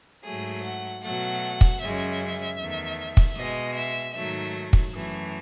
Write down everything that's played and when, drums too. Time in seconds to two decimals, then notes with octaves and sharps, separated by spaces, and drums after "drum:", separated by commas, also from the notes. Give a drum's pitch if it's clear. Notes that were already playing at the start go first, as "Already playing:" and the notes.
0.24 G#2 F#3 A3 G#4
0.63 F#5
1.03 B2 F#3 A3 F#5
1.61 drum: kick
1.81 F#2 C#3 G#3 E5
2.59 E2 D#3 A3
3.17 drum: kick
3.37 B2 G#3 D#5
3.75 E5
4.14 G#2 D#3 F#3 A3 E5
4.73 drum: kick
4.93 F#2 E3 A3